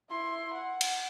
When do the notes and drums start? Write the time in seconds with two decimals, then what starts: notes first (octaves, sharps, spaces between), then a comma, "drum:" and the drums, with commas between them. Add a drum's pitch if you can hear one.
0.10 E4 C6
0.54 F#5
0.81 drum: cymbal